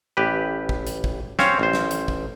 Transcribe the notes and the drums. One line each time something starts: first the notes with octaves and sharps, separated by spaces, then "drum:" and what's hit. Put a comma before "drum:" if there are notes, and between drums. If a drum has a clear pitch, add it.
A1 G4 B4
drum: kick
drum: hi-hat
drum: kick
C4 C#4 C5 C#5 F5, drum: snare
A1 C5
drum: snare
drum: hi-hat
drum: kick